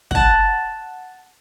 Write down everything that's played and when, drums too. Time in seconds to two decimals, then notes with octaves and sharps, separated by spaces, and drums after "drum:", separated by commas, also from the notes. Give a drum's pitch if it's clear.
0.11 F#5 A5, drum: kick